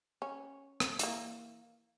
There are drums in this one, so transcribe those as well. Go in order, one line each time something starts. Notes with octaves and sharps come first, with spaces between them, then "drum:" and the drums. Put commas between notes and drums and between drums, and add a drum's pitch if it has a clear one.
C#4
drum: rim click
E3 A#3, drum: hi-hat